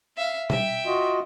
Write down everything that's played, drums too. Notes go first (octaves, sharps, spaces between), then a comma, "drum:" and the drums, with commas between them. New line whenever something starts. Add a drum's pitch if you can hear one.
E5 F5
E5 G5, drum: tom B2
F4 F#4 D#5